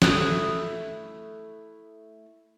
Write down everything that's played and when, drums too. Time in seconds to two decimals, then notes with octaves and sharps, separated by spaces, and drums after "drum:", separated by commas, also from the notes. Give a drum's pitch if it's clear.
0.02 A3 E4 D#6 F#6, drum: snare